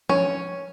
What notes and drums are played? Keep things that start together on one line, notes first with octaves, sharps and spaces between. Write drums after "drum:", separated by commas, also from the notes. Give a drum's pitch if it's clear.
C#4, drum: tom F3